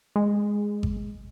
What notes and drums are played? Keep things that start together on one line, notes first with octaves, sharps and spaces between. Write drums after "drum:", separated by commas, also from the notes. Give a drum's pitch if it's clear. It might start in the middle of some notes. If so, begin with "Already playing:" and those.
G#3
drum: kick G#1